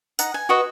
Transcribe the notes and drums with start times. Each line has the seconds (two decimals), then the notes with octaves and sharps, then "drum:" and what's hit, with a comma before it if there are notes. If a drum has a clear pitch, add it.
0.19 D#4 F#5, drum: tambourine
0.34 G#5
0.49 F#4 B4 D#5 C#6